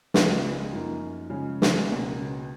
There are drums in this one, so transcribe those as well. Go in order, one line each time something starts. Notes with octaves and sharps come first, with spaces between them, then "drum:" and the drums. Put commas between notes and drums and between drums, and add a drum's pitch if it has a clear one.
C#2 C#3 G#3 B3 F4, drum: snare
F#2 F3 A#3 D#4
C#3 F3 G#3 C#4
drum: snare
C#2 B2 A#3 C#4 F#4